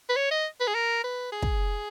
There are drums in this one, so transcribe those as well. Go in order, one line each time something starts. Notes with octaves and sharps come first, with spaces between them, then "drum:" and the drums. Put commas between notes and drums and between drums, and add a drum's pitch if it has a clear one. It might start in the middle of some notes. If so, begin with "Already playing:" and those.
B4
C#5
D#5
B4
G#4
A#4
B4
G#4
drum: kick